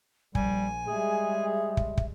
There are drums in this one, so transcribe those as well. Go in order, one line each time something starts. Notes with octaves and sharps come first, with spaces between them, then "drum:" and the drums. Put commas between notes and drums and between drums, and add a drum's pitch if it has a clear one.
A#1 G3 G#5, drum: kick
G3 G#3 G#4 E5
drum: kick
drum: kick